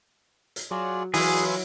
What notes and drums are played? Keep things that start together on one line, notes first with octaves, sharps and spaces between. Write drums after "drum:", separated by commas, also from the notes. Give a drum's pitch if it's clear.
drum: hi-hat
F#3 F4 G#4 D5
E3 F#3 F4 G#4 G#5 B5, drum: open hi-hat